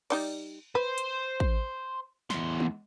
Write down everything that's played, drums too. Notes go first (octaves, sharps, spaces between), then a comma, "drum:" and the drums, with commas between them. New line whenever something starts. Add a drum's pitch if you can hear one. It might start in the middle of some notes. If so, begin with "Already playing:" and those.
G3 D#4 D5, drum: cymbal
B4 C5
drum: hi-hat
drum: kick A1
E2 C6, drum: snare
drum: tom G#3